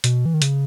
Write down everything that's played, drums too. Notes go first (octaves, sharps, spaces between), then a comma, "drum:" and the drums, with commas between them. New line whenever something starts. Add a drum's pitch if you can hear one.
B2, drum: hi-hat
E3
D#3
C#3, drum: hi-hat